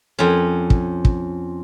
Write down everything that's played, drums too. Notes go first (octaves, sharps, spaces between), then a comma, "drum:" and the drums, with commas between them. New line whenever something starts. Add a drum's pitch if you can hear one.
F2 C#4
drum: kick
drum: kick